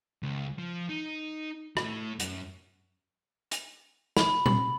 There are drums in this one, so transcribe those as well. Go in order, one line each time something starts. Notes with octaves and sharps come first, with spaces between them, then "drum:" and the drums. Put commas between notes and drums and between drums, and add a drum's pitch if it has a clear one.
C#2
F3
D#4
A2, drum: rim click
F#2, drum: hi-hat
drum: hi-hat
B5, drum: snare
F#7, drum: tom A#2